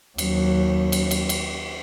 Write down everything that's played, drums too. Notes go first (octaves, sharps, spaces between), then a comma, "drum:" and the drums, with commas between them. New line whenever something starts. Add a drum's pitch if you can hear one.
D#2 F#3, drum: cymbal
drum: cymbal
drum: cymbal
drum: cymbal